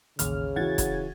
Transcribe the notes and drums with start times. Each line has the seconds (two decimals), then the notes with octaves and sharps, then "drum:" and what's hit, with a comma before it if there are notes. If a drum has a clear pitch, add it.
0.19 A1 D#2 C#3 F6, drum: hi-hat
0.56 E3 F#4 F#5 G#6 A6
0.78 drum: kick F1, hi-hat